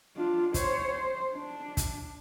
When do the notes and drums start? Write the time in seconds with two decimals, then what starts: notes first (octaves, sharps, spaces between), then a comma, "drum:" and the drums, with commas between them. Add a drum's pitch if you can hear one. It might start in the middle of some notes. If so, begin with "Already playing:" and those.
0.16 D4 F4
0.54 C5 C#5, drum: kick, hi-hat
0.91 C5
1.34 D4
1.77 drum: kick, hi-hat